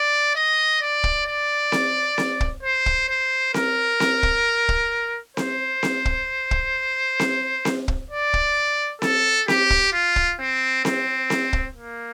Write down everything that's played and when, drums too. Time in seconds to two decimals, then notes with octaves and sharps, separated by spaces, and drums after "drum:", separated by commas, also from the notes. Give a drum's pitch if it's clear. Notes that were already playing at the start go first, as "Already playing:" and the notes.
Already playing: D5
0.36 D#5
0.81 D5
1.04 drum: kick
1.26 D5
1.72 drum: snare C4
2.18 drum: snare C4
2.40 drum: kick
2.63 C5
2.86 drum: kick
3.09 C5
3.54 A#4, drum: snare C4
4.00 drum: snare C4
4.23 drum: kick
4.69 drum: kick
5.37 C5, drum: snare C4
5.83 drum: snare C4
6.05 drum: kick
6.51 drum: kick
7.19 drum: snare C4
7.65 drum: snare C4
7.88 drum: kick
8.11 D5
8.34 drum: kick
9.02 A4, drum: snare C4
9.48 G4, drum: snare C4
9.70 drum: kick
9.93 F4
10.16 drum: kick
10.39 C4
10.85 C4, drum: snare C4
11.30 drum: snare C4
11.53 drum: kick
11.76 A#3